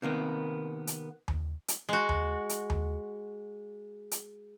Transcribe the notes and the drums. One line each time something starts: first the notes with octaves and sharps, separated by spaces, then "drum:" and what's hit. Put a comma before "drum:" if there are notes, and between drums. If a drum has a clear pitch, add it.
C3 D#3 A#3 B3
drum: hi-hat
drum: tom D#2
drum: hi-hat
G#3 F#4
drum: tom D#2
drum: hi-hat
drum: tom D#2
drum: hi-hat